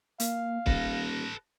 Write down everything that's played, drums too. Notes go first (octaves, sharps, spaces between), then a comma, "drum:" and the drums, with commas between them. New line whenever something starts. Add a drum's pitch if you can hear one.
A#3 F5, drum: hi-hat
D#1 A4 B4 A#6, drum: kick